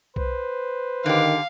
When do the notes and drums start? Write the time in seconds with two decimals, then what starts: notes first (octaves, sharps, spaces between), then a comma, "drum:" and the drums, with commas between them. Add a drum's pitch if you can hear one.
0.16 B4 C5, drum: kick B1
1.06 D3 D#3 G4 F5